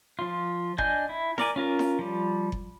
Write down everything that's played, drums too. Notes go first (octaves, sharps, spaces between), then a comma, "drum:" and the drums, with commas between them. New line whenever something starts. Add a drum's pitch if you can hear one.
F3 F4
D4 D#5 G#5 G6, drum: kick F#1
E4
A#4 D5 G#5, drum: snare E4
C#4 F4 A#4
drum: snare E4
F3 G3
drum: kick F#1